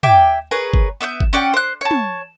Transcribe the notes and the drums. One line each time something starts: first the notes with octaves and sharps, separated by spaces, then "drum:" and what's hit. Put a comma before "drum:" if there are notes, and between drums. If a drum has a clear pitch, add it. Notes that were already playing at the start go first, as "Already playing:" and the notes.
E5 G5 G#5 D6, drum: tom
G#4 A#4 B4 C#5
drum: kick G1
B3 E5 C#6 G6
drum: kick G1
C#4 D5 F#5 G5
C5 F#6
C#5 A5
drum: tom